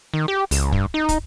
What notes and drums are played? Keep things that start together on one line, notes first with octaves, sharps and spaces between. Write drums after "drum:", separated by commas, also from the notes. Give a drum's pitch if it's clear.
D#3
G4
C#2, drum: open hi-hat
G2, drum: kick
D#4
drum: kick, hi-hat